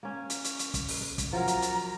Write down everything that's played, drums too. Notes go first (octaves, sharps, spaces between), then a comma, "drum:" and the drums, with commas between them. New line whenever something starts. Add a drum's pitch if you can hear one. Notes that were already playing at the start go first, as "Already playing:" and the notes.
A#3 C#4
drum: hi-hat
drum: hi-hat
drum: hi-hat
drum: kick, hi-hat
drum: open hi-hat
drum: kick, hi-hat
F3 F#3 A#4 A#5
drum: hi-hat
drum: hi-hat